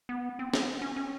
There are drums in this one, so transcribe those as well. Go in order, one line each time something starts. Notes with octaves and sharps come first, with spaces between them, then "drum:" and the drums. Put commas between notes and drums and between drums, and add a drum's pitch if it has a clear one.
B3
C4
C4, drum: snare
B3
C4
C#4
C#4